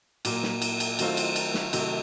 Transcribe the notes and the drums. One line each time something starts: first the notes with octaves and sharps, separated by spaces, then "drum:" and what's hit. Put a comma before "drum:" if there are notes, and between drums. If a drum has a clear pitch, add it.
A#2 F#3 A#3, drum: cymbal
drum: snare
drum: cymbal
drum: cymbal
D#3 F#3 A3 C4 F4, drum: cymbal
drum: cymbal
drum: cymbal
drum: snare
C3 D#3 F#3 A3, drum: cymbal